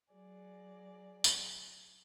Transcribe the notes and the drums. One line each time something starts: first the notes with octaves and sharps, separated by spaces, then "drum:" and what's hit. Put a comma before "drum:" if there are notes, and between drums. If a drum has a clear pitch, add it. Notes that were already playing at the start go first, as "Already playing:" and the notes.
F#3 G#4 D5
drum: tambourine